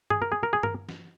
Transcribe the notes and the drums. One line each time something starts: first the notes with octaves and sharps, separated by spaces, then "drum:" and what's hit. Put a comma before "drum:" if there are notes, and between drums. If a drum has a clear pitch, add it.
G#4, drum: tom G2
A#4
G#4
A#4
G#4
A#4, drum: tom G2
drum: snare